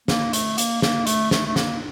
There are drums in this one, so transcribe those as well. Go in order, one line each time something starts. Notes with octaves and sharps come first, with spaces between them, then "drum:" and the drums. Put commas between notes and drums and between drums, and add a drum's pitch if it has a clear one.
A#3, drum: snare
A3, drum: hi-hat
A#3, drum: hi-hat
A#3, drum: snare
A3, drum: hi-hat
A3, drum: snare
A3
A#3, drum: snare